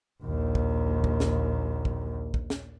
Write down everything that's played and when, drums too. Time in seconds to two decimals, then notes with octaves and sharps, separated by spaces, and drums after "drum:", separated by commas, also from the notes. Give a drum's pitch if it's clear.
0.23 A#1 D#2
0.55 drum: kick
1.04 drum: kick
1.20 drum: snare
1.85 drum: kick
2.34 drum: kick
2.50 drum: snare